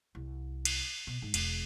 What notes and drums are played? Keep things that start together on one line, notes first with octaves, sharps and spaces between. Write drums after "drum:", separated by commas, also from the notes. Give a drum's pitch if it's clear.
C2
drum: cymbal
B2
G#2
E1, drum: cymbal